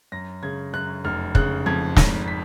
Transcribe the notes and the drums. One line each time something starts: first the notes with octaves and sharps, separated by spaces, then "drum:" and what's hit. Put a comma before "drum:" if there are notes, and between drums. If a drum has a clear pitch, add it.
F#2 A#6
C#3 G#6
F#2 F#6
F1 F6
C#3 F#6, drum: kick
F2 G#6
G#1 A#6, drum: snare
B6